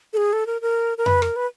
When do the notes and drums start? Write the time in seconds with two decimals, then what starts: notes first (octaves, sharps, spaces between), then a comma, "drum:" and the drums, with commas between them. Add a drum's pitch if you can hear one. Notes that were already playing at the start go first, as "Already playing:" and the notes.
0.13 A4
0.17 G#4
0.33 A4
0.47 A#4
0.62 A#4
0.98 A#4
1.06 B4, drum: tom F2
1.22 A#4, drum: rim click
1.36 B4